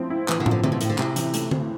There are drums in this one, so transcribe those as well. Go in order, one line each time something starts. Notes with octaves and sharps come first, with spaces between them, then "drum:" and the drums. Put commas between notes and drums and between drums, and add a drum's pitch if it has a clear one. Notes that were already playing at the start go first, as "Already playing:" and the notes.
Already playing: A2 F3 C4
E4
A2 E3, drum: clap
D3
F3, drum: tom
D3
C3 C4, drum: tom D3
B2
A2 E4, drum: hi-hat
D3
A2 C3, drum: clap
E3, drum: hi-hat
A3, drum: hi-hat
C4, drum: tom D3